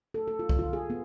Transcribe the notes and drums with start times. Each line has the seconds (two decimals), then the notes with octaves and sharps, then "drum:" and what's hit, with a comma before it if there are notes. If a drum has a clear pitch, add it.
0.14 A4
0.28 A4
0.39 F4
0.49 drum: kick C2
0.59 F4
0.73 G#4
0.90 B3